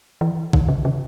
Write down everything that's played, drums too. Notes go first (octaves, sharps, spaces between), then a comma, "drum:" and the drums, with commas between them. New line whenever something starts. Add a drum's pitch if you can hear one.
E3
D#3, drum: kick A#1
C#3
C#3